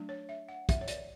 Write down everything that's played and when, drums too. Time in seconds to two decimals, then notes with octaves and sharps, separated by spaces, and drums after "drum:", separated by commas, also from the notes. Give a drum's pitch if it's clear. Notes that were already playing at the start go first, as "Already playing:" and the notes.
Already playing: F#3 A3 D4
0.09 C#5
0.29 E5
0.49 F#5
0.69 E5, drum: kick, hi-hat
0.81 C#5
0.88 D5, drum: hi-hat